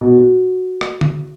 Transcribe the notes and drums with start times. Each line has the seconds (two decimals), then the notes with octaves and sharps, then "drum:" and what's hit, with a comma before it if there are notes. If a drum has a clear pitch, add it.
0.01 B2
0.17 F#4
0.81 drum: rim click
1.01 drum: tom D3